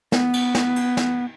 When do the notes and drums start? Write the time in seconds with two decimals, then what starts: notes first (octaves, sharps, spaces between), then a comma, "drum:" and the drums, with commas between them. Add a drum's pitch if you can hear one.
0.12 B3, drum: snare
0.33 drum: cymbal
0.55 drum: snare
0.76 drum: cymbal
0.97 drum: snare